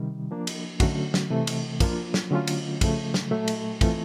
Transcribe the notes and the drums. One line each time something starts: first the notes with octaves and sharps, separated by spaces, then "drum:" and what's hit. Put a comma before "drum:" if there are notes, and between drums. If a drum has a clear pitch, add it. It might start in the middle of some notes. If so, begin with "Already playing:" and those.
Already playing: C3 D#3 G3
F3 A#3 D4
drum: cymbal
D3 F#3 A3 C#4 F#4, drum: kick, cymbal
drum: snare
C3 E3 A3
drum: cymbal
F3 A#3 D4 F4, drum: kick, cymbal
drum: snare
D3 F#3 A3 C#4 F4
drum: cymbal
C#3 F3 A3, drum: kick, cymbal
drum: snare
A#2 F#3 A3
drum: cymbal
E3 A3 C4 F4, drum: kick, cymbal